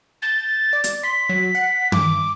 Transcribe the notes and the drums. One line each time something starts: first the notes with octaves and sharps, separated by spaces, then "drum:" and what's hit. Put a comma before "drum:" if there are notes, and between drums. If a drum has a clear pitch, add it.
G6 A6
D5
drum: hi-hat
C6 B6
F#3
F#5
G2 D6, drum: tom